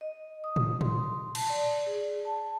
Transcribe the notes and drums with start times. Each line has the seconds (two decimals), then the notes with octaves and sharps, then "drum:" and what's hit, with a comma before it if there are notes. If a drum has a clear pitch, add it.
0.01 D#5
0.44 D#6
0.56 drum: tom A2
0.81 C6, drum: tom A2
1.35 A5, drum: cymbal
1.50 D5
1.87 G#4
2.25 A5